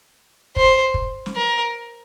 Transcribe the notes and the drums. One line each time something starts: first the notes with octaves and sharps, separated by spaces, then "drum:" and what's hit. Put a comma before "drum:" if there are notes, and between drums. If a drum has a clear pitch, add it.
C5, drum: kick
drum: kick
drum: snare
A#4